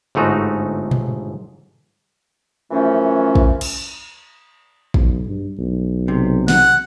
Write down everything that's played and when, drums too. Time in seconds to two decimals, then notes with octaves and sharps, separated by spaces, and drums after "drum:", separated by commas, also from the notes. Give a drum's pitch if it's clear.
0.15 G1 G#2 A3 D#4 F#4
0.91 drum: tom A#2
2.71 F#2 E3 F3 A3 C#4
3.35 drum: kick
3.61 drum: cymbal
4.94 B1, drum: kick
5.27 G2
5.58 B1
6.08 C3
6.48 F#5, drum: snare